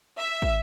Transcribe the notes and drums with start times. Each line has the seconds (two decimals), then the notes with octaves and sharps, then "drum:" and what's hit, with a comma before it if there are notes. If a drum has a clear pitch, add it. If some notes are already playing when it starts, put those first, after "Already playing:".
0.20 E5
0.42 drum: kick